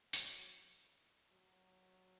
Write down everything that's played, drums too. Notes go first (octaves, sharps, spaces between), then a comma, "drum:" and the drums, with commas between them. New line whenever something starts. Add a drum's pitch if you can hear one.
F#3, drum: hi-hat
F#3